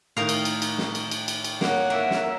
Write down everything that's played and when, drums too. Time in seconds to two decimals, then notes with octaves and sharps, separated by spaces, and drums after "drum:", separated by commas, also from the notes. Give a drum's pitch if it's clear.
0.17 A2 D#3 D#4 A#4 F5
0.29 drum: cymbal
0.45 drum: cymbal
0.62 drum: cymbal
0.78 drum: snare
0.95 drum: cymbal
1.11 drum: cymbal
1.28 drum: cymbal
1.44 drum: cymbal
1.61 A#3 C#5 F#5, drum: snare
1.90 A#3 A#4 E5
2.11 drum: snare